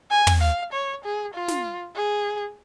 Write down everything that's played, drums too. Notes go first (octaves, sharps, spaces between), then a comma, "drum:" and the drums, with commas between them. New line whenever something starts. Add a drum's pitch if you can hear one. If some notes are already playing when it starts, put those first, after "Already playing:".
G#5
drum: tom
F5
C#5
G#4
F4
drum: snare
G#4